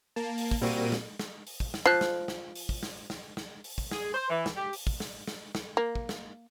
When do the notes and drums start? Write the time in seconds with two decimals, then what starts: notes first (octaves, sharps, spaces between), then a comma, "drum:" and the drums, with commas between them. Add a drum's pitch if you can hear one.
0.16 A#3 A5
0.38 drum: open hi-hat
0.51 drum: kick
0.61 A#2 G3 A#3 C4 F#4 D#7
0.92 drum: snare
1.19 drum: snare
1.47 drum: open hi-hat
1.60 drum: kick
1.74 drum: snare
1.86 F3 F#6 C7
2.01 drum: snare
2.28 drum: snare
2.55 drum: open hi-hat
2.69 drum: kick
2.83 drum: snare
3.10 drum: snare
3.37 drum: snare
3.64 drum: open hi-hat
3.78 drum: kick
3.91 G#4, drum: snare
4.14 C5
4.30 E3
4.46 drum: snare
4.55 G4
4.73 drum: open hi-hat
4.87 drum: kick
5.00 drum: snare
5.27 drum: snare
5.55 drum: snare
5.77 A#3
5.95 drum: kick
6.09 drum: snare